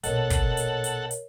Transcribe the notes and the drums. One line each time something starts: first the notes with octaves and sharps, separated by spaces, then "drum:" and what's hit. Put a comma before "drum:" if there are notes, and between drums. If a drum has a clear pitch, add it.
A#1 B2 A4 A#4 C#5 D#5 F#5, drum: hi-hat
drum: kick, hi-hat
drum: hi-hat
drum: hi-hat
drum: hi-hat